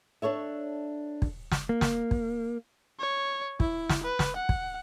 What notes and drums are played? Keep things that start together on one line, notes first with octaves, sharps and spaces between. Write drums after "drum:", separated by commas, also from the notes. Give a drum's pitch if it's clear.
D4 A4 C#5 E5
drum: kick
drum: snare
A#3
drum: snare
drum: kick
C#5
E4, drum: kick
drum: snare
B4
drum: snare
F#5
drum: kick